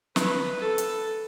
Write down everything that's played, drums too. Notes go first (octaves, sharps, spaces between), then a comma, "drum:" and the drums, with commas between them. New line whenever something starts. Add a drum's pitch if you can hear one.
B4, drum: snare
A4
drum: hi-hat